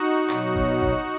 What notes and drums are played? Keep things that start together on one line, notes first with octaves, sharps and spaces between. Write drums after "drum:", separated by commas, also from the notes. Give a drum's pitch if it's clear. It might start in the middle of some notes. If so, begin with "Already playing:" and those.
Already playing: D#4 F#4
B2 F#3, drum: clap
drum: kick
drum: kick